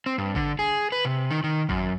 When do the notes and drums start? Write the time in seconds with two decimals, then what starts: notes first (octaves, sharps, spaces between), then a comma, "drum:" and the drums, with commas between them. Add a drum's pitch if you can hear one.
0.06 C4
0.18 G2
0.35 D3, drum: kick G#1
0.59 G#4
0.92 B4
1.05 C3
1.31 D#3
1.44 D#3
1.69 F#2, drum: kick G#1